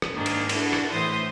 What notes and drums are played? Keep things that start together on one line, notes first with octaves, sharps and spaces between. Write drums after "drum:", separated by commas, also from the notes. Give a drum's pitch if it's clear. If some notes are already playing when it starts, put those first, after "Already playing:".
drum: rim click
G#2 D#3 A#3 D4 G#4
drum: cymbal
D4 E4 F#4 A4, drum: cymbal
drum: rim click
A2 E3 C5 C6 D#6